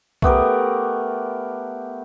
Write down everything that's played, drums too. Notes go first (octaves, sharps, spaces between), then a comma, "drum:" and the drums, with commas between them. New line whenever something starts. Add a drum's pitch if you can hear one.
A3 B3 G4 A#4, drum: kick B1